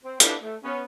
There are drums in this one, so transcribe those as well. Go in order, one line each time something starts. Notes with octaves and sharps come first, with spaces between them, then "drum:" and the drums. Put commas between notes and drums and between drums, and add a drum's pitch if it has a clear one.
C4
D4 E4 F4 G4 A4 B4, drum: hi-hat
A3
B3 C#4